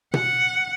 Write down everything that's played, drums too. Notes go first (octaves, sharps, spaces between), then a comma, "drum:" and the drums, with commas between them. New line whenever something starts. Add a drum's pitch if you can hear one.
F#5, drum: tom B2